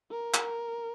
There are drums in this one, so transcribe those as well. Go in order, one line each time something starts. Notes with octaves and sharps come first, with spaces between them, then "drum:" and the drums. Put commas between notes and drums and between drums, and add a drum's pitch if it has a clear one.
A#4
drum: clap